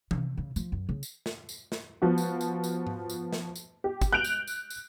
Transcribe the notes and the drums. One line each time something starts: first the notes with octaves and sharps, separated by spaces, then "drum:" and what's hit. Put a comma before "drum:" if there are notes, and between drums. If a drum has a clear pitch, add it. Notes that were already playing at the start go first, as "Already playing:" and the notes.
C3, drum: tom E3
C#3
F3, drum: tambourine
F#2
C#3
drum: tambourine
drum: snare
drum: tambourine
drum: snare
F3 B3 F#4
drum: tambourine
drum: tambourine
drum: tambourine
drum: tom G#2
drum: tambourine
drum: snare
drum: tambourine
G4
drum: kick, tambourine
F#6 G6 D7 F7
drum: tambourine
drum: tambourine
drum: tambourine